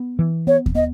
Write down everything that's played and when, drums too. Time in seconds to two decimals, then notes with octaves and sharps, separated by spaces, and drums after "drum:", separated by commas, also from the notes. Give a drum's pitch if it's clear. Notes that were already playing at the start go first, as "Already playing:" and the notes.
Already playing: B3
0.19 E3
0.47 B3 C#5
0.66 drum: kick D#2
0.75 B3 D#5